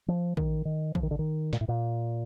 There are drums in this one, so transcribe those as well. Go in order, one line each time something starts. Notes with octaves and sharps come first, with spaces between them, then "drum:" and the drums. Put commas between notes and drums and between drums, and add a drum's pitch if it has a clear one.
F3
D#3, drum: kick
D#3
F3, drum: kick
D#3
D3
D#3
A#2, drum: snare
A2
A#2